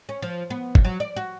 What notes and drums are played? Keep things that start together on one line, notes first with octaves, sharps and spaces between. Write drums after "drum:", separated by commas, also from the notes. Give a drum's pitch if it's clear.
C#4
F3
B3
drum: kick G1
F#3
D5
F#4